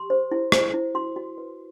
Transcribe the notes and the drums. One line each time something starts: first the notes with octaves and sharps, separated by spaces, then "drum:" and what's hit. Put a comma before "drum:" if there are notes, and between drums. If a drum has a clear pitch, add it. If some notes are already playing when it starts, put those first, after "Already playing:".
Already playing: G4 C6
C5
E4
C5, drum: rim click
E4
F#4 C6
F#4
B4